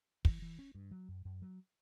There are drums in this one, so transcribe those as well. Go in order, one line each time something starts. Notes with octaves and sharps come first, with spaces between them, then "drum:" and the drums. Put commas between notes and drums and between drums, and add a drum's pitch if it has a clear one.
E3, drum: kick
E3
C#4
G2
F#3
F#2
F#2
F#3